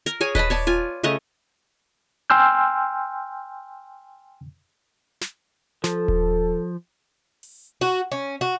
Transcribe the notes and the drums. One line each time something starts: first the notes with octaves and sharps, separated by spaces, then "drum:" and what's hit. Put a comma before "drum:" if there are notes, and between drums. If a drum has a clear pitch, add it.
A#4, drum: hi-hat
G#4 C#5 G#5
B4 D#5 A5 B5, drum: kick D#1
C#5 D5 A5, drum: open hi-hat
F4 G#5
C#3 A3 C#5 D#5
G5 G#5 C6 E6 F6 G6
drum: snare
F3 A4, drum: snare
drum: kick D#1
drum: open hi-hat
F#4
C#4
F#4